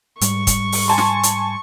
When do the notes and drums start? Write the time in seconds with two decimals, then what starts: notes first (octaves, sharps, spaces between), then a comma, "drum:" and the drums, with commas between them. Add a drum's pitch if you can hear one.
0.21 G#2 G3 C#6, drum: hi-hat
0.47 drum: kick, hi-hat
0.72 drum: open hi-hat
0.88 G#5 A5 C6
0.98 drum: snare
1.23 drum: hi-hat